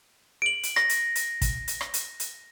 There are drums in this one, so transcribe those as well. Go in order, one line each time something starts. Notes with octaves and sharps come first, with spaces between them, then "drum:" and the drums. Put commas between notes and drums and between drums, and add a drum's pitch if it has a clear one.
D7 F#7
drum: hi-hat
A#6, drum: rim click
drum: hi-hat
drum: hi-hat
drum: kick, hi-hat
drum: hi-hat
drum: rim click
drum: hi-hat
drum: hi-hat